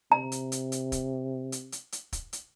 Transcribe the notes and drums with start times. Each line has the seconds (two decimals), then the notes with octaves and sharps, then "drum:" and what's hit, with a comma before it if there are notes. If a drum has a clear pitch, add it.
0.12 C3 A#5
0.32 drum: hi-hat
0.52 drum: hi-hat
0.72 drum: hi-hat
0.92 drum: kick, hi-hat
1.52 drum: hi-hat
1.72 drum: hi-hat
1.92 drum: hi-hat
2.13 drum: kick, hi-hat
2.33 drum: hi-hat